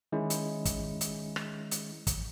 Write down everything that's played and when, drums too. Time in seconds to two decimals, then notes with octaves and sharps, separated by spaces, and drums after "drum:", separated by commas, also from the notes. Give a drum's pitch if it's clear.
0.12 D#3 G#3 C#4 E4
0.30 drum: hi-hat
0.65 drum: kick, hi-hat
1.01 drum: hi-hat
1.36 drum: rim click
1.71 drum: hi-hat
2.07 drum: kick, hi-hat